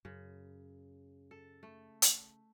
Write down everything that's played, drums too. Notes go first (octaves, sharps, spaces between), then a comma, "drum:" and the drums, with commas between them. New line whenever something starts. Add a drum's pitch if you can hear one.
F#2 C#3
A4
A3
drum: hi-hat